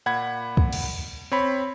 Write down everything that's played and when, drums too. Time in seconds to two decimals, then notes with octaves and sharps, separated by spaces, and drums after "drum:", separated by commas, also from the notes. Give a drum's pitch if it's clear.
0.06 A#2 F#5 B5 G#6
0.57 drum: kick
0.72 drum: cymbal
1.32 C4 C#5 B5